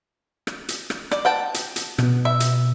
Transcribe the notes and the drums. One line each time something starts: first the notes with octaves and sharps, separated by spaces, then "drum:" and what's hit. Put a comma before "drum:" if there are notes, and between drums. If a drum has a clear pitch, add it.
drum: rim click
drum: hi-hat
drum: rim click
D5, drum: rim click
F#5 G5 A5
drum: hi-hat
drum: hi-hat
B2 B3, drum: rim click
E5
drum: hi-hat